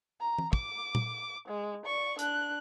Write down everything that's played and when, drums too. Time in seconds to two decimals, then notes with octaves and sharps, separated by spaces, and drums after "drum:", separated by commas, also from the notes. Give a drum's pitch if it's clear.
0.21 A#5
0.39 drum: tom
0.53 D6, drum: kick
0.95 drum: tom A#2
1.48 G#3
1.85 D5 C#6
2.19 D4 F#6, drum: hi-hat